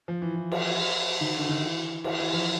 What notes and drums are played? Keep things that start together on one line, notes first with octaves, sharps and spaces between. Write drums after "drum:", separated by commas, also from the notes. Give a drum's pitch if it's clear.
F3
E3
E3
drum: cymbal
D#3
D3
D#3
E3
E3, drum: cymbal
E3
F3